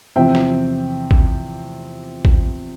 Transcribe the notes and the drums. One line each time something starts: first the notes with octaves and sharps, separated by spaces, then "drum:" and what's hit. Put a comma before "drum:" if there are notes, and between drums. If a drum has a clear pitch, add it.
E2 C3 F3 C4 E5 G5
drum: snare
drum: kick
drum: kick